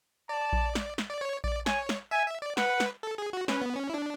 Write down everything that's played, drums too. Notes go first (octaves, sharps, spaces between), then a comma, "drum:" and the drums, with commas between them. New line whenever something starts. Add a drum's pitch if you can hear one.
D5 A5
drum: kick A#1
drum: snare
drum: snare
D5
C#5
D5, drum: kick A#1
C#5 G#5, drum: snare
drum: snare
E5 G#5
E5
D5
B4 F#5, drum: snare
drum: snare
A4
G#4
F#4
C#4 B4, drum: snare
B3
C#4
E4
D4